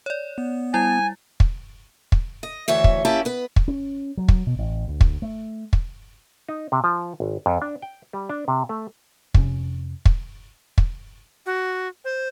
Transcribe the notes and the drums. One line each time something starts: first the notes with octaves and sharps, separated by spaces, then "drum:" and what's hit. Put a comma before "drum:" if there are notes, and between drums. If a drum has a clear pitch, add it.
C#5 D5
B3
G3 E4 G#5 A6
drum: kick
drum: kick
D#5
D2 E3 C#5 E5
drum: kick
A#3 C#4 E4 G4 A5
B3 B4
drum: kick
C#4
F#3
drum: kick
B2
A1
D2
drum: kick
A3
drum: kick
D#4
C3
F3
G#1
F2
D4
G5
G3
D4
C3
A3
F2 C3 C#4, drum: kick
drum: kick
drum: kick
F#4
C5